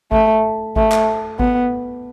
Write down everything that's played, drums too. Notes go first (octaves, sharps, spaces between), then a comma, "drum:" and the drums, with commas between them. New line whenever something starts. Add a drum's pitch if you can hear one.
A3, drum: kick G#1
A3, drum: kick G#1
drum: clap
B3, drum: kick G#1